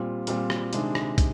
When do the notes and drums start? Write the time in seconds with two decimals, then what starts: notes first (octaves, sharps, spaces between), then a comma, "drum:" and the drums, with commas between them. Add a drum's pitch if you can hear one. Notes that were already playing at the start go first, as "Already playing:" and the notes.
Already playing: A#2 G3 C4 F4
0.27 A#2 G3 C4 F4, drum: hi-hat
0.50 drum: rim click
0.73 C3 D#3 G#3 D4, drum: hi-hat
0.95 drum: rim click
1.18 drum: kick, hi-hat